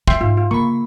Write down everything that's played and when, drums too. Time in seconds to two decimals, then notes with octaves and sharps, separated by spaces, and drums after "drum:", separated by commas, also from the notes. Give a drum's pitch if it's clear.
0.07 F#3 F4 E5 G5 C6, drum: kick
0.21 G#2 F4
0.37 F4
0.51 C#3 A#3 B5 C#6